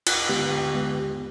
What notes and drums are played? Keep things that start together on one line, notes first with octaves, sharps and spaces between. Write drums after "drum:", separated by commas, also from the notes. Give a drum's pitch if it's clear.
D2 F4, drum: cymbal
D3 G#3 B3 G4
D2 G4
D3 G#3 B3
D#2